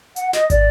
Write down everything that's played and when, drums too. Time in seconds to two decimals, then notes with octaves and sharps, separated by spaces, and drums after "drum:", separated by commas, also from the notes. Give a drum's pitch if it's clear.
0.16 F#5, drum: hi-hat
0.33 D#5, drum: snare
0.50 D5, drum: kick, hi-hat